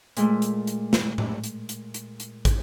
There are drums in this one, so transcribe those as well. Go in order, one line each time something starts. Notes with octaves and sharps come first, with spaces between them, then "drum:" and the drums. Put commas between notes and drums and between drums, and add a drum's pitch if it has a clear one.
A#2 G#3 A3, drum: hi-hat
drum: hi-hat
drum: hi-hat
drum: snare
drum: tom A2
drum: hi-hat
drum: hi-hat
drum: hi-hat
drum: hi-hat
drum: kick, hi-hat